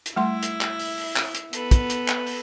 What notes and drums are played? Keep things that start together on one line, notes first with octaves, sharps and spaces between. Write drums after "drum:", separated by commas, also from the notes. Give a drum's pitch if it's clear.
drum: hi-hat
G3 A3 E4 C6
drum: hi-hat
drum: clap
drum: open hi-hat
drum: open hi-hat
drum: clap
drum: hi-hat
B3 A4 B4, drum: hi-hat
drum: kick, hi-hat
drum: hi-hat
drum: clap
drum: open hi-hat